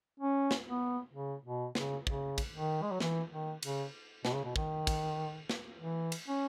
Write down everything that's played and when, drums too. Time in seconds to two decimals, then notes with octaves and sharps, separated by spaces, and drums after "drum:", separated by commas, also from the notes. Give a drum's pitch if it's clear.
0.20 C#4
0.51 drum: snare
0.66 B3
1.13 C#3
1.44 B2
1.75 C#3, drum: snare
2.07 C#3, drum: kick
2.38 drum: kick, cymbal
2.53 D#3
2.82 G#3
2.91 F#3
3.00 E3, drum: snare
3.31 D#3
3.63 C#3, drum: cymbal
4.25 B2, drum: snare
4.34 C#3
4.44 B2
4.56 D#3, drum: kick
4.87 drum: kick, cymbal
5.50 drum: snare
5.80 E3
6.12 drum: cymbal
6.28 C#4